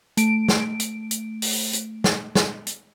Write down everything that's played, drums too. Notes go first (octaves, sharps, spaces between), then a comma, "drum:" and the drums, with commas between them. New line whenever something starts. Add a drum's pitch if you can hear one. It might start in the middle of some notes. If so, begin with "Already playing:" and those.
A3 D7, drum: hi-hat
drum: snare
drum: hi-hat
drum: hi-hat
drum: open hi-hat
drum: hi-hat
drum: snare
drum: snare
drum: hi-hat